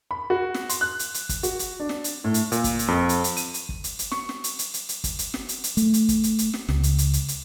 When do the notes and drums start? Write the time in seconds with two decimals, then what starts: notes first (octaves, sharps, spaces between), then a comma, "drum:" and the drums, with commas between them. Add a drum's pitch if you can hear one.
0.11 B5
0.30 F#4
0.54 drum: snare
0.69 C6, drum: hi-hat
0.81 F#6
0.99 drum: hi-hat
1.14 drum: hi-hat
1.29 drum: kick F#1, hi-hat
1.43 F#4, drum: hi-hat
1.59 drum: hi-hat
1.80 D4
1.89 drum: snare
2.04 drum: hi-hat
2.24 A2
2.34 drum: hi-hat
2.52 A#2, drum: hi-hat
2.64 drum: kick F#1, hi-hat
2.79 drum: hi-hat
2.88 F2
3.09 drum: hi-hat
3.24 drum: hi-hat
3.37 D#7, drum: hi-hat
3.54 drum: hi-hat
3.69 drum: kick F#1
3.84 drum: hi-hat
3.99 drum: hi-hat
4.12 C#6, drum: snare
4.29 drum: snare
4.44 drum: hi-hat
4.59 drum: hi-hat
4.74 drum: hi-hat
4.89 drum: hi-hat
5.04 drum: kick F#1, hi-hat
5.19 drum: hi-hat
5.34 drum: snare
5.49 drum: hi-hat
5.64 drum: hi-hat
5.77 A3, drum: hi-hat
5.94 drum: hi-hat
6.09 drum: kick F#1, hi-hat
6.24 drum: hi-hat
6.38 drum: hi-hat
6.53 drum: snare
6.68 C#2, drum: snare
6.83 drum: hi-hat
6.98 drum: hi-hat
7.13 drum: hi-hat
7.28 drum: hi-hat